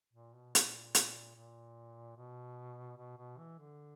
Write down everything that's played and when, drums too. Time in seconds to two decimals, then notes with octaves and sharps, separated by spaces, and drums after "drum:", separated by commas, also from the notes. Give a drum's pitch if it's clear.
0.13 A#2
0.34 B2
0.55 A#2, drum: hi-hat
0.95 drum: hi-hat
1.36 A#2
2.17 B2
2.98 B2
3.18 B2
3.38 E3
3.59 D3